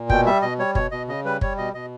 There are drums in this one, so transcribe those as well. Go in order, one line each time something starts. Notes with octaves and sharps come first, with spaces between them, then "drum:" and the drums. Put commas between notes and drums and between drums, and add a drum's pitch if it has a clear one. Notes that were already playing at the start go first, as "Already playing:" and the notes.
Already playing: A#2
B2 G5, drum: kick
G3 E5
B2 D#5
G3 C#5
B2 C#5, drum: kick
B2 D#5
C#3 D#5
G3 B4
G3 C#5, drum: kick
B2 D#5
B2 D#5